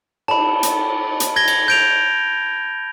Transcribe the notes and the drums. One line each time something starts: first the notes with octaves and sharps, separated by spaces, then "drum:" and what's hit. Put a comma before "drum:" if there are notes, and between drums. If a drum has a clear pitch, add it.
A5 B5, drum: cymbal
drum: hi-hat
drum: hi-hat
G#6 A#6 G7
drum: cymbal
G6 D7 F7